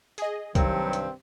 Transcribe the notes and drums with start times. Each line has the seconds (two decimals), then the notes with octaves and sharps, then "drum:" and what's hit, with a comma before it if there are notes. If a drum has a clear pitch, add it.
0.18 G#4 D#5, drum: hi-hat
0.55 C2 G2 D#3 F#3 C4, drum: kick, hi-hat
0.93 drum: hi-hat